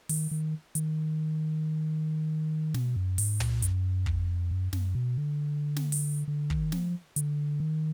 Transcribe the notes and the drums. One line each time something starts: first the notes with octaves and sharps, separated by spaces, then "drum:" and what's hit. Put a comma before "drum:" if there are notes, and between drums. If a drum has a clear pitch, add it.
D#3, drum: open hi-hat
D#3
D#3, drum: hi-hat
B2, drum: snare
F#2
G#2, drum: open hi-hat
A#2, drum: tom
F#2, drum: hi-hat
F2, drum: kick
F#2
F#2, drum: snare
B2
D3
drum: snare
drum: open hi-hat
D3
D#3, drum: kick
F3, drum: snare
D3, drum: hi-hat
D#3